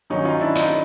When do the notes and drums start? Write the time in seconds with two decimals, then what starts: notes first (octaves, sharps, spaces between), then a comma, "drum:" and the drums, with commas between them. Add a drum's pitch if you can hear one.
0.10 G2 D#3 F#3 C#4 D#4
0.25 D#4 F4
0.40 D4 E4
0.55 D#4 F4, drum: hi-hat